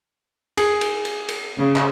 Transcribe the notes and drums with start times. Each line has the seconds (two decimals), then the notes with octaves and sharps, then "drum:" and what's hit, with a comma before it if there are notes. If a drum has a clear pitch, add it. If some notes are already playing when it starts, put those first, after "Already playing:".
0.57 G#4, drum: cymbal
0.81 drum: cymbal
1.05 drum: cymbal
1.28 drum: cymbal
1.58 C#3
1.76 drum: clap